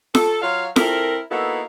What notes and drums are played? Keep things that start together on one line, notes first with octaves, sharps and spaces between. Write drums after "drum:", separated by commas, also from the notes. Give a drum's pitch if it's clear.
A4, drum: snare F4
F#3 F4 C#5 F5
C4 E4 A4 A#4, drum: snare F4
A#3 B3 D#4 E4 F#4 A4